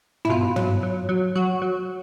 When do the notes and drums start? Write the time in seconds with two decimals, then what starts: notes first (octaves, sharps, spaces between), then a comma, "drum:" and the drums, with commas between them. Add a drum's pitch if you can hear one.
0.25 E4, drum: tom
0.30 B2 F4
0.56 F#3, drum: tom
0.83 F#3
1.09 F#3
1.36 F#3 F#4
1.62 F#3